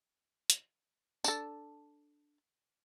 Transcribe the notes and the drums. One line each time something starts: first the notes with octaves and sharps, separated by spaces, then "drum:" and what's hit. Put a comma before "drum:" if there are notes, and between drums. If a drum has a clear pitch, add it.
drum: hi-hat
D4 A4, drum: tambourine